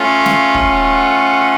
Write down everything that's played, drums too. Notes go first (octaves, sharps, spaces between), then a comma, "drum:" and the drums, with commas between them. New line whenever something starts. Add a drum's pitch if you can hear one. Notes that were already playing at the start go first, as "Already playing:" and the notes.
Already playing: A3 C#4 F4
F5, drum: snare
drum: kick
F#5